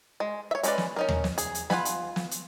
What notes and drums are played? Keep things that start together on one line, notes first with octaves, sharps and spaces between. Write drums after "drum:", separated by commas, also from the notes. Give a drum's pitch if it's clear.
G#3
C#5 E5
G#3 C#4 D#4 B4 D5, drum: hi-hat
drum: snare
C#4 D#4 A#4
drum: tom D#2
drum: snare
G#4, drum: hi-hat
drum: hi-hat
F4 F#5 G#5 B5, drum: snare
drum: hi-hat
drum: snare
drum: hi-hat